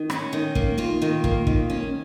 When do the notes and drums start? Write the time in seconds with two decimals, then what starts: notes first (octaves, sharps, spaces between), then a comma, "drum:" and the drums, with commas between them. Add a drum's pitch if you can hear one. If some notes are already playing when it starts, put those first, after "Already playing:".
Already playing: D#3
0.10 C#4, drum: rim click
0.33 D#3
0.55 A#3, drum: kick
0.78 A#3 F4
1.02 D#3
1.24 A#3, drum: kick
1.47 D#3, drum: kick
1.70 C#4